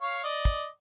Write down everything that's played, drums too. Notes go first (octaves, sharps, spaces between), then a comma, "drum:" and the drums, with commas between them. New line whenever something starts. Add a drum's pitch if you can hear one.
C#5 F5 C#6
D5 D#5
drum: kick